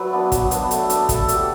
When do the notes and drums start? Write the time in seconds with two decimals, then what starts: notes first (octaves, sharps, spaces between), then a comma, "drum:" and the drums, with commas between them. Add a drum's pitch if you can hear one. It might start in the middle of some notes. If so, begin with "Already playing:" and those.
Already playing: F#3 B4 D5 E5
0.13 B3 D4
0.32 F#3, drum: kick, hi-hat
0.51 B3 D4, drum: hi-hat
0.71 A3, drum: hi-hat
0.90 D4, drum: hi-hat
1.09 A3 A4, drum: kick, hi-hat
1.22 A4
1.29 D4, drum: hi-hat
1.34 G4